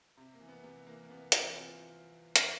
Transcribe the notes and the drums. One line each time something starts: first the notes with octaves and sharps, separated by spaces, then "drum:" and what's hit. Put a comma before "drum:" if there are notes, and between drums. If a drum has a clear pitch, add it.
C3
A#3
E3
B3
C3 B3
E3 A#3
A#3
C3 B3
E3 C4, drum: hi-hat
C3 F4
drum: hi-hat